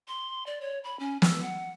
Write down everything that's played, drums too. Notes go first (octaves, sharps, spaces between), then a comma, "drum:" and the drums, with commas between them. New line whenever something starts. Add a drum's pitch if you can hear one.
C6
D5
C#5
B5
C#4
E6, drum: snare
F#5